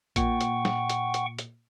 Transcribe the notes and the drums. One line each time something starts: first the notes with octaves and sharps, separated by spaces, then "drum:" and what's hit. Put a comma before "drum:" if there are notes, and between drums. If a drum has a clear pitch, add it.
A#2 F#5 G5 C#6, drum: kick A#1, hi-hat
drum: hi-hat
drum: snare
drum: hi-hat
drum: hi-hat
drum: hi-hat